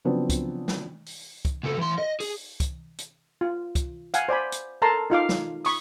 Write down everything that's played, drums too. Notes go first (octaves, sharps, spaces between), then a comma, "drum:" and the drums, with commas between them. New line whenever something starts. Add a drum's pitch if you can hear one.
C#3 F3 F#3 B3 C4 D4
drum: kick, hi-hat
drum: snare
drum: open hi-hat
drum: kick, hi-hat
C#2 A4
E3 C6
D#5
G#4, drum: open hi-hat
drum: kick, hi-hat
drum: hi-hat
F4
drum: kick, hi-hat
F5 F#5 G#5, drum: hi-hat
C5 D5 G#5 B5
drum: hi-hat
A4 A#4 A5 A#5 C6
D#4 F4 F5 D6
drum: snare
B5 C#6 D#6, drum: open hi-hat